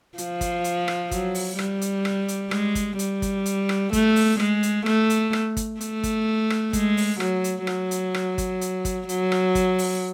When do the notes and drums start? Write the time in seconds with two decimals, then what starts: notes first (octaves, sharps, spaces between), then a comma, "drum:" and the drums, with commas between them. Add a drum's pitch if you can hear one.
0.18 F3, drum: hi-hat
0.41 drum: kick, hi-hat
0.64 drum: hi-hat
0.88 drum: rim click
1.11 F#3, drum: kick, hi-hat
1.35 drum: open hi-hat
1.59 G3, drum: rim click
1.81 drum: hi-hat
2.05 drum: rim click
2.28 drum: hi-hat
2.51 G#3, drum: rim click
2.75 drum: kick, hi-hat
2.99 G3, drum: hi-hat
3.22 drum: kick, hi-hat
3.46 drum: hi-hat
3.69 drum: rim click
3.93 A3, drum: kick, hi-hat
4.16 drum: open hi-hat
4.40 G#3, drum: rim click
4.63 drum: hi-hat
4.86 A3, drum: rim click
5.10 drum: hi-hat
5.33 drum: rim click
5.57 drum: kick, hi-hat
5.81 A3, drum: hi-hat
6.03 drum: kick, hi-hat
6.50 drum: rim click
6.73 G#3, drum: kick, hi-hat
6.97 drum: open hi-hat
7.20 F#3, drum: rim click
7.44 drum: hi-hat
7.67 F#3, drum: rim click
7.91 drum: hi-hat
8.14 drum: rim click
8.38 drum: kick, hi-hat
8.61 drum: hi-hat
8.85 drum: kick, hi-hat
9.09 F#3, drum: hi-hat
9.32 drum: rim click
9.55 drum: kick, hi-hat
9.79 drum: open hi-hat